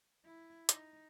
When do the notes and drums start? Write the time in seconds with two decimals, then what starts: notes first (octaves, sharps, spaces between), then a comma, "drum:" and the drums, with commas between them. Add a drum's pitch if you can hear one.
0.24 E4
0.69 D#4, drum: hi-hat